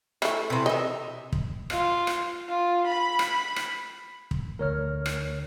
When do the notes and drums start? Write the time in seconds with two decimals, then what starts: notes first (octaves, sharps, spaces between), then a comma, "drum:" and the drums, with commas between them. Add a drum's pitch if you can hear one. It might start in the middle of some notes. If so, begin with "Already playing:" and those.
0.22 A3 E4, drum: rim click
0.50 C3 E3
0.66 D#4 D#5 E5
1.32 drum: kick
1.70 F4, drum: rim click
2.07 drum: rim click
2.48 F4
2.87 B5
3.19 drum: rim click
3.56 drum: rim click
4.31 drum: kick
4.59 D2 A#4 C#5 F6
5.06 drum: rim click